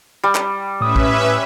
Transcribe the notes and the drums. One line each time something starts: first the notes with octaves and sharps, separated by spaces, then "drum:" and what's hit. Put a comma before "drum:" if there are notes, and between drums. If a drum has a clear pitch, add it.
G3
drum: clap
A2 C#4 B4 E5 D#6
drum: kick A1